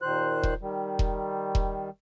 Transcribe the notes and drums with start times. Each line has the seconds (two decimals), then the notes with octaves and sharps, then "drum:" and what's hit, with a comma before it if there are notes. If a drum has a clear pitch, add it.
0.02 D#2 A#2 D#3 C5 F#6
0.43 drum: kick E1
0.62 D#3 G3
0.99 drum: kick E1
1.55 drum: kick E1